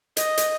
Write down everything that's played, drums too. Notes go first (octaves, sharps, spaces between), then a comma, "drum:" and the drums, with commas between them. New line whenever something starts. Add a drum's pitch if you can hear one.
D#5, drum: hi-hat
drum: hi-hat